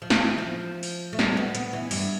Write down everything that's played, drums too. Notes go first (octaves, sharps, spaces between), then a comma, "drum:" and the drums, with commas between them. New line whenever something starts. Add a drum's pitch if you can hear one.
F3
E3, drum: snare
F3
drum: open hi-hat
A3
G3, drum: snare
B3
B3, drum: hi-hat
E3
G2, drum: open hi-hat